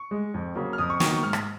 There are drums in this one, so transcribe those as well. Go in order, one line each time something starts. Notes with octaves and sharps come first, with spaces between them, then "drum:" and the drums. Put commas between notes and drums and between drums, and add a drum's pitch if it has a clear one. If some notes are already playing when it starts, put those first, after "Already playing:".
Already playing: C#6
G#3
F2
C#3 F#3 A#3
F6
F2 D#6
C#6
D#3 F#3 A#3 C#6, drum: snare
C#6
G#2 F6
drum: rim click